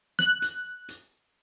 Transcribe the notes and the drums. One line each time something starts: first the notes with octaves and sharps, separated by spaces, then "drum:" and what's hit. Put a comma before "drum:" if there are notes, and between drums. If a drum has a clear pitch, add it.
F#6, drum: snare
drum: hi-hat
drum: hi-hat